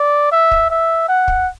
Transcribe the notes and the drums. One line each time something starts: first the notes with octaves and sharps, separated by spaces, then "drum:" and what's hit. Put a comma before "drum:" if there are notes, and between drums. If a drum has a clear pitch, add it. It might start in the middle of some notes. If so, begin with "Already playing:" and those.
Already playing: D5
E5
drum: kick
E5
F#5
drum: kick